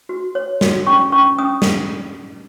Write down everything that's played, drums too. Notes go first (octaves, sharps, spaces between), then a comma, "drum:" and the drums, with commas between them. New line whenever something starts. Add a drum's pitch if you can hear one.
F#4
C#5
F#4, drum: snare
C#4 C#6
C#4 C#6
C#4 D#6
drum: snare